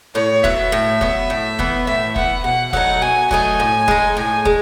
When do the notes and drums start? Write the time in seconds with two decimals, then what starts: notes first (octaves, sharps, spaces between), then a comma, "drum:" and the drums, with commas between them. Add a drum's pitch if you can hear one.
0.15 A2 C#5
0.44 F#3 B3 E5, drum: kick
0.72 A2
1.01 F#3 B3, drum: kick
1.30 A2
1.59 E3 B3, drum: kick
1.87 A2 E5
2.16 E3 B3 F#5, drum: kick
2.44 B2 F#5
2.73 F#3 A3 D#4 F#5, drum: kick
3.02 B2 G#5
3.31 F#3 A3 D#4 G#5, drum: kick
3.60 A2
3.88 G#3 D#4, drum: kick
4.17 A2 G#5
4.45 G#3, drum: kick